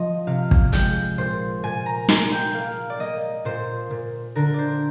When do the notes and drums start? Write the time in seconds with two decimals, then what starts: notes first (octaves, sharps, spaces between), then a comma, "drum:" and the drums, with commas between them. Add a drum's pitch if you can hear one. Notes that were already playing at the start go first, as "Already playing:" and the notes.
Already playing: F3 D#5
0.27 C3 F5
0.51 drum: kick
0.72 G#3 G5, drum: hi-hat
1.18 A#2 C5
1.63 A#2 G#5
1.86 A#5
2.09 G#3 G#5, drum: snare
2.32 G5
2.54 A#3 F5
2.90 D5
2.99 A#3 D#5
3.45 A#2 C5
3.91 A#2
4.35 D3 A#4
4.54 C5 D5